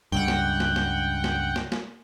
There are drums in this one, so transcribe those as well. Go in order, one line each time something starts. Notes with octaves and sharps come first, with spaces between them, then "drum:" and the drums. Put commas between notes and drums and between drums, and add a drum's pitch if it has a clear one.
C#2 G2 F#5 G5
drum: snare
drum: snare
drum: snare
drum: snare
drum: snare
drum: snare